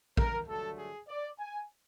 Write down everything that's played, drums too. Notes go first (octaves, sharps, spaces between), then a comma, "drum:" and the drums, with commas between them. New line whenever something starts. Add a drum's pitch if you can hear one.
A#4, drum: kick A#1
G2 D3 F#3 A3 A4
G#4
D5
G#5